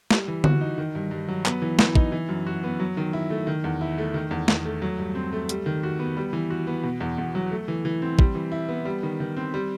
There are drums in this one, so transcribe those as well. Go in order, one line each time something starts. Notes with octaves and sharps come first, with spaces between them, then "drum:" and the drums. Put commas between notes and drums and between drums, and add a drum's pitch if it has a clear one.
G3, drum: snare
E3
F#4, drum: tom D3
D#4
D#3
G2
G2
F#3
B3, drum: clap
E3
E3, drum: snare
D#4, drum: kick
E3
F#2
F#4
B3
F#3
D#3
E4
A3
D#3
E2
E4
A3
D#3
E2
E2, drum: snare
A3
F#3
G2
C4
A3
G3, drum: hi-hat
D#3
F#4
B3
G3
E3
F#4
B3
B2
E2
E2
F#3
A3
E3
E3
C4
G3, drum: kick
E3
E4
B3
G3
D#3
D#3
C4
G3